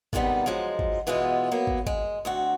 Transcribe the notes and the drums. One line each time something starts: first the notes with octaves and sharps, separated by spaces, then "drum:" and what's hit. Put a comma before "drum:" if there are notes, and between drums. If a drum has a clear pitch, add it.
G#2 C3 D#3 G3 B3 D#4, drum: kick
F3 F#3 G#3 D#4
drum: kick
B2 E3 G#3 B3 F4
F#3 A#3 B3
drum: kick
G#3, drum: kick
D2 C4 F#4